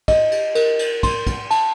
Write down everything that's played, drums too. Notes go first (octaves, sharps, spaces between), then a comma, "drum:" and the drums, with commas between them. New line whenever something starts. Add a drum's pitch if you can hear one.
D#5, drum: kick, cymbal
drum: cymbal
A#4, drum: cymbal
drum: cymbal
C6, drum: kick, cymbal
drum: kick, cymbal
A5, drum: cymbal